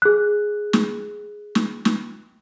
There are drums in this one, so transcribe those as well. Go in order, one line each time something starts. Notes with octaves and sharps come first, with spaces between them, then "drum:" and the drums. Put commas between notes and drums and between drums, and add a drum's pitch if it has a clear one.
G#4 F#6
drum: snare
drum: snare
drum: snare